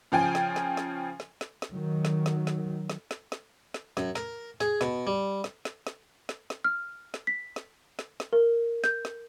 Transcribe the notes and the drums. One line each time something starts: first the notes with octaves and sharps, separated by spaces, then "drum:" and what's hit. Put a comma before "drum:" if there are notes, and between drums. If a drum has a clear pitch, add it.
C#3 F3 G5 G#5
drum: snare
drum: snare
drum: snare
drum: snare
drum: snare
drum: snare
D#3 F#3
drum: snare
drum: snare
drum: snare
drum: snare
drum: snare
drum: snare
drum: snare
F#2, drum: snare
A#4, drum: snare
G#4, drum: snare
B2, drum: snare
G3
drum: snare
drum: snare
drum: snare
drum: snare
drum: snare
F6
drum: snare
B6
drum: snare
drum: snare
drum: snare
A#4
G6, drum: snare
drum: snare